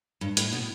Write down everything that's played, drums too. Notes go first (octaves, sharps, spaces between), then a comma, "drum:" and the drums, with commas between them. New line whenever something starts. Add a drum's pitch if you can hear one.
G2
A2, drum: hi-hat
B2